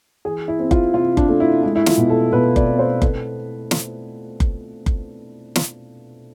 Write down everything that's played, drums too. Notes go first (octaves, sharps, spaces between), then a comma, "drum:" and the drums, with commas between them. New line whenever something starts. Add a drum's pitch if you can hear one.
E3 G#4
E4
C4
F4, drum: kick F#1
C3 F4
D4, drum: kick F#1
A3
E4
G#3 E4
E4
F4, drum: snare
B2
A4
B2 B4
D5, drum: kick F#1
C4
C5
A3 B4, drum: kick F#1
drum: snare
drum: kick F#1
drum: kick F#1
drum: snare